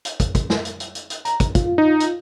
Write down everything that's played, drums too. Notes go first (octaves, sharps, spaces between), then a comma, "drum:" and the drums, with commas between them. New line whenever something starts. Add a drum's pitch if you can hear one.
drum: hi-hat
drum: kick, hi-hat
drum: kick, hi-hat
drum: snare
drum: hi-hat
drum: hi-hat
drum: hi-hat
drum: hi-hat
A#5, drum: hi-hat
drum: kick, hi-hat
F4, drum: kick, hi-hat
D#4
drum: hi-hat